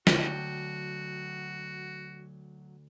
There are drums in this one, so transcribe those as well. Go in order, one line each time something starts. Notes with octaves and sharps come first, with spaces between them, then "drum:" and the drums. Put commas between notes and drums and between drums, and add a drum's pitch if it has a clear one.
D2 F#3 F#4 G5 A5, drum: snare